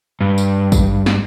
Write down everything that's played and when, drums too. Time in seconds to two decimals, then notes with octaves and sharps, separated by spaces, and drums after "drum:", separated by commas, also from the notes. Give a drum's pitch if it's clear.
0.21 G2
0.38 drum: tambourine
0.72 drum: kick, tambourine
1.06 drum: snare